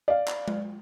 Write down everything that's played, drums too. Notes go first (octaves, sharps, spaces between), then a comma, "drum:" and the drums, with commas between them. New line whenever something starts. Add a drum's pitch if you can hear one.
D5 F5
drum: clap
drum: tom G#3